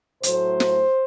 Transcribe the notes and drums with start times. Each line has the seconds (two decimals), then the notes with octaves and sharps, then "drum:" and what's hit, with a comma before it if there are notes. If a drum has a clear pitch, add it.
0.23 A2 F#3 A3 C5, drum: hi-hat
0.60 drum: snare